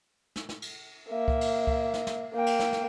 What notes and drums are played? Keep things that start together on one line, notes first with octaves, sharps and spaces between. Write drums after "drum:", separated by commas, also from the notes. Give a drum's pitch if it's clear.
drum: snare
drum: snare
drum: cymbal
A#3 E5
drum: kick C#2
drum: cymbal
drum: kick C#2
drum: snare
drum: snare
A#3 G5
drum: cymbal
drum: snare
drum: snare